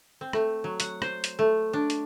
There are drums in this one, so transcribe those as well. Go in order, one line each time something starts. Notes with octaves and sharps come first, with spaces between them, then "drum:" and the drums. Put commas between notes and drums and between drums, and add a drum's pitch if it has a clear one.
C4
A3, drum: rim click
F#3
F#5, drum: hi-hat
C5, drum: rim click
drum: hi-hat
A3
D4
drum: hi-hat